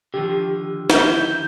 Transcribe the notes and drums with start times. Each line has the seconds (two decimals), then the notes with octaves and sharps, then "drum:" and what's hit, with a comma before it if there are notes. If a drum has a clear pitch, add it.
0.14 D3 D#3 F3 G4
0.90 E4 A#4 G#5 G6, drum: snare